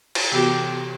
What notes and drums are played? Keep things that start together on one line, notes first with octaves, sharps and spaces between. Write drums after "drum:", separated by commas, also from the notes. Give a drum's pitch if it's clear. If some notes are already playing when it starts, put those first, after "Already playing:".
drum: cymbal
C3 E3 B3 F#4 G4 A4